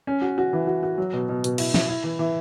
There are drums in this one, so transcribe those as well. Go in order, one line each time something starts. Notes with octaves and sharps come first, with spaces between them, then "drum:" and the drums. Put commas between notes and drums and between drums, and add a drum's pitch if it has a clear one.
C#4
F#4
F#4
E3
F#4
F#4
F#3
B2
B2
B2, drum: hi-hat
E4, drum: cymbal
E4, drum: snare
E4
E3
E3